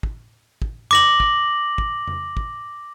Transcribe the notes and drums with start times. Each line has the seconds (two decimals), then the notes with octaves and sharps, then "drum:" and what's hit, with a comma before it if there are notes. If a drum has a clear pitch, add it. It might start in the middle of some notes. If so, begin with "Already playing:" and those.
0.03 drum: kick
0.62 drum: kick
0.91 D6 A#6 F#7, drum: tom F2
1.20 drum: kick
1.78 drum: kick
2.07 drum: tom F2
2.37 drum: kick